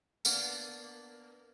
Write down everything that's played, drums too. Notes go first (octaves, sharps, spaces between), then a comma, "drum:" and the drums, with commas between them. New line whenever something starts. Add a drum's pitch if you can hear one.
A#3 B3 D4, drum: tambourine